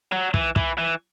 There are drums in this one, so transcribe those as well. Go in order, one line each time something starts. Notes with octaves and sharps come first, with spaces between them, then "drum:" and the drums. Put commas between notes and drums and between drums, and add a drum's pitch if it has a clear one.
F#3
E3, drum: kick
E3, drum: kick
E3